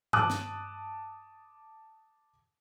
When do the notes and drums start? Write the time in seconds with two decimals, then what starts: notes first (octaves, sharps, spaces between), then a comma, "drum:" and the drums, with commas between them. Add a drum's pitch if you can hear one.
0.13 A5 D6 D#6 F#6, drum: tom G2
0.30 drum: snare